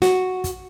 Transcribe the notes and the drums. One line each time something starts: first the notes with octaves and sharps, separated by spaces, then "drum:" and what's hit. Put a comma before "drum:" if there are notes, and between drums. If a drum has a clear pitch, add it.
F#4, drum: snare
drum: kick, hi-hat